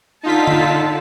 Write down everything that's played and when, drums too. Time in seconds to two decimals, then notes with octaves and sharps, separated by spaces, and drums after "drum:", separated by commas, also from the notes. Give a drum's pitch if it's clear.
0.23 D3 D#4 F4 A5 B6
0.47 drum: tom D3